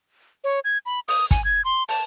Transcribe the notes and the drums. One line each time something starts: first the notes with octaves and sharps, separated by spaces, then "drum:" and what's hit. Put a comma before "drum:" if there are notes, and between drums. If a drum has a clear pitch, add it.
C#5
G#6
B5
D#6, drum: open hi-hat
G#5, drum: kick, hi-hat
G#6
C6
A5, drum: open hi-hat